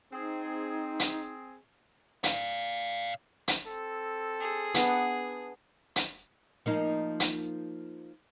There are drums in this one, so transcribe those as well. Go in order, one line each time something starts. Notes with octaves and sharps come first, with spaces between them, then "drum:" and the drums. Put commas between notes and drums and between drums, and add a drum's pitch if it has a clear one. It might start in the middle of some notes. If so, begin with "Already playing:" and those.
C4 D#4 G#4
drum: hi-hat
D5 F5, drum: hi-hat
drum: hi-hat
C4 A4
G#4
B3 D4 F#5, drum: hi-hat
drum: hi-hat
F3 A#3 D#4
drum: hi-hat